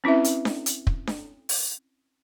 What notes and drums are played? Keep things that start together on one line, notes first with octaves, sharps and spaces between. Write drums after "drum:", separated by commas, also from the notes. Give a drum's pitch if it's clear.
C4 C#4 E4 B4 E5
drum: hi-hat
drum: snare D4
drum: hi-hat
drum: kick
drum: snare D4
drum: open hi-hat